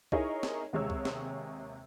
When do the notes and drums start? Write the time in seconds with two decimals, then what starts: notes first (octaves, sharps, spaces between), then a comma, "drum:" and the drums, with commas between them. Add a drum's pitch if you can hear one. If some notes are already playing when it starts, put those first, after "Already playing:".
0.12 D#4 E4 G#4 A#4 C#5 D#5, drum: kick C2
0.43 drum: snare
0.73 D#2 C3 G#3 G#4 C#5 E6
0.90 drum: kick C2
1.05 drum: snare